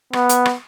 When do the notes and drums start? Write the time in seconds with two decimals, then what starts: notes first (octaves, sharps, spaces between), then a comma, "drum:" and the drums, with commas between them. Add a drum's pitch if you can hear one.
0.13 B3, drum: rim click
0.29 drum: hi-hat
0.46 drum: rim click